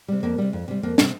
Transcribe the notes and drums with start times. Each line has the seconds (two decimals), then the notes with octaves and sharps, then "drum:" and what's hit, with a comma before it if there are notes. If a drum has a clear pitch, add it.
0.08 C3 G3
0.23 F2 A#3
0.38 C3 G3
0.53 F2
0.68 C3 G3
0.83 F2 A#3
0.98 C3 G3, drum: snare